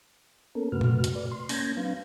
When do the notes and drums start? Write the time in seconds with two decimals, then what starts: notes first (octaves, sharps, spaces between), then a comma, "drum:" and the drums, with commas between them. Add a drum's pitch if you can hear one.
0.55 A#3 B3 C#4 A4 A#4
0.72 F#2 C3 A3 F#4 B4 F6
0.81 drum: tom A#2
1.04 drum: hi-hat
1.15 B4 D5
1.31 C6
1.49 A#3 C#4 G6 G#6 A#6, drum: open hi-hat
1.77 F#3 C4 D4 B4 F5